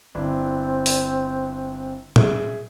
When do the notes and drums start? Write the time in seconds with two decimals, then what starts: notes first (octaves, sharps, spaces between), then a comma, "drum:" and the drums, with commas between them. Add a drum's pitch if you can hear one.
0.15 G1 C4 D4 E4
0.86 drum: open hi-hat
2.16 G#4 E5, drum: tom A2